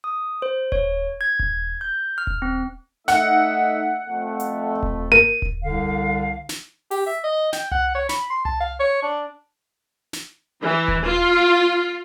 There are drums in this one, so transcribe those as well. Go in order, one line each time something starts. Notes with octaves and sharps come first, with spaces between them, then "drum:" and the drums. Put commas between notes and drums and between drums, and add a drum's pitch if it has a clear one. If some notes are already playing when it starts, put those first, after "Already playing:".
D#6
C5
C#5, drum: kick D#1
G#6
drum: kick D#1
G6
F6
drum: kick D#1
C4
A3 D#4 E5 F#5, drum: snare
F2 A3
drum: hi-hat
drum: kick D#1
A#3 A#4 D#7
drum: kick D#1
C2 D3 F5
drum: snare
G4, drum: open hi-hat
E5
D#5
G5, drum: snare
F#5, drum: tom C2
C#5
B5, drum: snare
C6
A5, drum: tom C2
F5
C#5
D4
drum: snare
E3
drum: kick D#1
F4